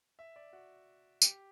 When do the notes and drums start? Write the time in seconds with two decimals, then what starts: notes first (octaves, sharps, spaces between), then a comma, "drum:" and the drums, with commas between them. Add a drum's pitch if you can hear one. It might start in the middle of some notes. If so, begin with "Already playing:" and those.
0.19 E5
0.36 D5
0.53 F#4
1.22 G4, drum: tambourine